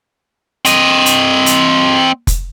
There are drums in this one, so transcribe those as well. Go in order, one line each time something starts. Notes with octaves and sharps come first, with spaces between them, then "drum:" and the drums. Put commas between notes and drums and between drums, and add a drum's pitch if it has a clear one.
C4 D#5, drum: hi-hat
drum: hi-hat
drum: hi-hat
drum: kick F1, hi-hat